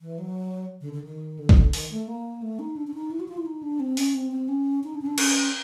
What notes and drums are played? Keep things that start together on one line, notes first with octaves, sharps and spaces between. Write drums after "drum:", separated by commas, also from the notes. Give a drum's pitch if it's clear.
E3
F#3
D3
D3
D#3
D3
drum: kick
D#3, drum: open hi-hat
A3
A#3
A3
D#4
D4
D4
D#4
E4
F#4
F4
E4
D#4
D4
C4
C#4, drum: open hi-hat
C4
C4
C#4
D#4
D4
C#4
D4
C#4, drum: cymbal